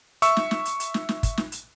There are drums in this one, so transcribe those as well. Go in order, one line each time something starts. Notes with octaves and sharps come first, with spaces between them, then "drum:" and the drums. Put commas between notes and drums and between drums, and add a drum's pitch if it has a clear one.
E5 C#6 E6, drum: hi-hat
drum: snare
drum: snare
drum: hi-hat
drum: hi-hat
drum: snare
drum: snare
drum: kick, hi-hat
drum: snare
drum: hi-hat